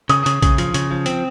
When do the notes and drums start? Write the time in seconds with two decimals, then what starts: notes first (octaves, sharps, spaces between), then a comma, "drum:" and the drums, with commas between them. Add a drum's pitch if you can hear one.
0.09 C#3 D#6, drum: hi-hat
0.26 C#3, drum: hi-hat
0.42 C#3, drum: kick, hi-hat
0.58 F3, drum: hi-hat
0.74 C#3, drum: hi-hat
0.91 F3
1.06 C4, drum: hi-hat